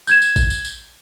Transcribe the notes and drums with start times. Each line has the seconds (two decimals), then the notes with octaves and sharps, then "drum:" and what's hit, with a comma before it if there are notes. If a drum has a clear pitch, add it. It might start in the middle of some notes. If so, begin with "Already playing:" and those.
0.07 G6 G#6 E7, drum: tambourine
0.22 drum: tambourine
0.36 drum: kick A1, tambourine
0.50 drum: tambourine
0.65 drum: tambourine